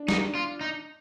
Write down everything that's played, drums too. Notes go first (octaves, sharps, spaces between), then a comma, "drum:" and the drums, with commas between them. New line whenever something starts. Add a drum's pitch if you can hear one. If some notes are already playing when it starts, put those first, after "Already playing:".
Already playing: D4
D#4, drum: snare
F4
D#4